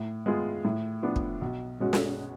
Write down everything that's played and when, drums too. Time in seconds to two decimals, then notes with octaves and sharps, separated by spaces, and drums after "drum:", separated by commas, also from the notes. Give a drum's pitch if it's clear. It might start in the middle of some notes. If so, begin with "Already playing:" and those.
Already playing: A2
0.26 G#3 B3 F4 G#4
0.65 A2
1.03 F3 B3 D4
1.16 drum: kick
1.41 B1
1.80 B2 G#3 C#4 F#4
1.93 drum: snare